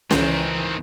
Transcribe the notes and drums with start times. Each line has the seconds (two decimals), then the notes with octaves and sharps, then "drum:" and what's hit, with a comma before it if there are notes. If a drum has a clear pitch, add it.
0.11 C#2 D#3 E3 C4, drum: snare